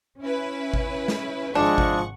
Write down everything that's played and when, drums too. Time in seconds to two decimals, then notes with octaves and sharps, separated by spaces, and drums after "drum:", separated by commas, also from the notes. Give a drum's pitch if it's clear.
0.21 C#4 E4 B4
0.74 drum: kick G#1
1.08 drum: snare
1.55 G#1 F3 G#3 D4 F#5 C#6
1.78 drum: kick G#1